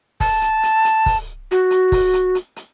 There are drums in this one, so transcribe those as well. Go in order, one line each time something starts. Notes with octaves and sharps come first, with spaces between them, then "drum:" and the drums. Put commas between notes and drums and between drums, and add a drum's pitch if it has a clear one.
A5, drum: kick, open hi-hat
drum: hi-hat
drum: hi-hat
drum: hi-hat
drum: kick, open hi-hat
F#4, drum: hi-hat
drum: hi-hat
drum: kick, open hi-hat
drum: hi-hat
drum: hi-hat
drum: hi-hat